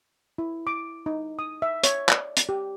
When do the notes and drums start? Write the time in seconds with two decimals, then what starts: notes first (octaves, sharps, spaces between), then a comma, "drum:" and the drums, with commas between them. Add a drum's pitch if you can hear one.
0.38 E4
0.67 D6
1.06 D#4
1.39 D#6
1.62 E5
1.84 C#5, drum: hi-hat
2.09 D5, drum: clap
2.37 drum: hi-hat
2.49 G4